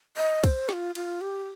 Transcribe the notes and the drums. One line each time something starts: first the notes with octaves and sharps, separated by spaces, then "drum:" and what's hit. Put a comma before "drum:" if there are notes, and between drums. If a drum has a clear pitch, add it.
D#5
C5, drum: kick, cymbal
G4, drum: snare
F4
F4, drum: cymbal
G4